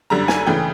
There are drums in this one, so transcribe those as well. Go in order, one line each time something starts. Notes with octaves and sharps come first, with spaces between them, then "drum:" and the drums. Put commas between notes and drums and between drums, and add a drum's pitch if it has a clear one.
F#2 D3 G3 A#5
G#5, drum: snare
C#3 E3 A3 G5